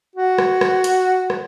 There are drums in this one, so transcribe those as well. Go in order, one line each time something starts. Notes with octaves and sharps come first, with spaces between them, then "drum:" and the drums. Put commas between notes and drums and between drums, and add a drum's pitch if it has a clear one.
F#4
drum: rim click
drum: rim click
drum: hi-hat
drum: rim click